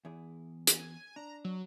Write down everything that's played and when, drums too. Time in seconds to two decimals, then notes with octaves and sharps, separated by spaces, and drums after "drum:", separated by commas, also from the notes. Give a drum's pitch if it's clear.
0.05 E2 E4 G#4
0.67 G#5, drum: hi-hat
1.16 D4 A#5
1.45 F#3